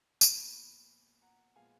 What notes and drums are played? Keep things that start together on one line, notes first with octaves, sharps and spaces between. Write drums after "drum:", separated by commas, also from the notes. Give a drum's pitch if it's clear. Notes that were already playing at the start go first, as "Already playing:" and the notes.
A#2 F3 B3 G#5 B5, drum: tambourine
F#5 A#5
A#2 F3 G#3 B3 F5 G#5